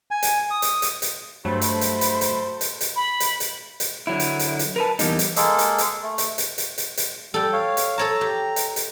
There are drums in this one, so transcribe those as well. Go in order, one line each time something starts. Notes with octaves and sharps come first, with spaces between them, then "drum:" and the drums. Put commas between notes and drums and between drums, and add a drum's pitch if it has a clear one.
G#5
drum: hi-hat
D#6
drum: hi-hat
drum: hi-hat
drum: hi-hat
G2 F#3 A3 F#4 A4 C5 B5
drum: hi-hat
drum: hi-hat
drum: hi-hat
drum: hi-hat
drum: hi-hat
drum: hi-hat
B5
drum: hi-hat
drum: hi-hat
drum: hi-hat
D3 F#3 E4
drum: hi-hat
drum: hi-hat
drum: hi-hat
A#4 B4 A5
E2 C3 G3 A#3 D#4, drum: hi-hat
drum: hi-hat
G#3 A#3 G#4 A4, drum: hi-hat
drum: hi-hat
drum: hi-hat
A3
drum: hi-hat
drum: hi-hat
drum: hi-hat
drum: hi-hat
drum: hi-hat
G3 A4 G5
C#5 F5
drum: hi-hat
A4 C#5 A5 A#5
G4
drum: hi-hat
drum: hi-hat